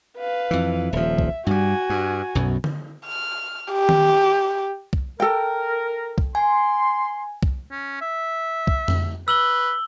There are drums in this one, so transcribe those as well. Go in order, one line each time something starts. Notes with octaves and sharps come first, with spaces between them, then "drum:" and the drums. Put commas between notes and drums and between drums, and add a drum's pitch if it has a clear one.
B4 F5
F2 E3
D#1 F3 E5
drum: kick
G2 G3 F#4 G#5
G2
B1 F#2 B2
drum: tom D3
F6
G4
drum: tom D#3
drum: kick
A4 A#4 G5
drum: kick
G#5 C6
drum: kick
C#4
E5
drum: kick
drum: tom F2
B4 E6 F#7 G7